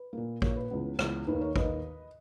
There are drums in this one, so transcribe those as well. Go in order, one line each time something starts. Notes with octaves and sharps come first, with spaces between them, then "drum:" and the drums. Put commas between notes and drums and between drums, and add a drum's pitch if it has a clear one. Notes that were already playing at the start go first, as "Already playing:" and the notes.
Already playing: B4
A#2 A#3
A#2 A#3 A#4 C#5, drum: kick
B4
C#2 C#3 E3 B3
C#2 C#3 E3 B3, drum: rim click
D#2 D#3 A#3 B4
A#4 C#5
D#2 D#3 A#3 B4 D#5, drum: kick